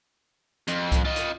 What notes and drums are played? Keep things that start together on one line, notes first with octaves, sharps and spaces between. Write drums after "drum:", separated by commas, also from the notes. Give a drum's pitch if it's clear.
F2, drum: hi-hat
drum: kick C2, hi-hat
F4 D#5
drum: hi-hat